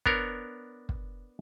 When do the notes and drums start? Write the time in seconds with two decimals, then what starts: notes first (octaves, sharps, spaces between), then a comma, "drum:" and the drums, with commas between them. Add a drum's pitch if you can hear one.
0.06 B3 D4 A#4 C#5, drum: kick
0.89 drum: kick